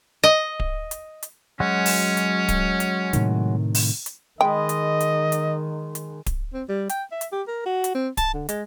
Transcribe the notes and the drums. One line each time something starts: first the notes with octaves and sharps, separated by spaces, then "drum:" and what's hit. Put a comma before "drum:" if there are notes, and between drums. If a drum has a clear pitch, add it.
D#5
drum: kick D1
drum: hi-hat
drum: hi-hat
F#3 G#3 C#4 F#4
drum: open hi-hat
drum: hi-hat
drum: kick D1, hi-hat
drum: hi-hat
A2 C3 D#3, drum: hi-hat
drum: open hi-hat
drum: hi-hat
D#3 G#3 D#5 G5 B5
drum: hi-hat
drum: hi-hat
drum: hi-hat
drum: hi-hat
drum: kick D1, hi-hat
C4
G3
G5, drum: hi-hat
E5
drum: hi-hat
G4
A#4
F#4
drum: hi-hat
C4
A5, drum: kick D1, hi-hat
D3
G#3, drum: hi-hat